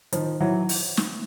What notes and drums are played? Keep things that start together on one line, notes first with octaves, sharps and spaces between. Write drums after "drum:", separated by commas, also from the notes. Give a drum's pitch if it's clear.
D#3 F3, drum: hi-hat
E3 F#3
drum: open hi-hat
drum: snare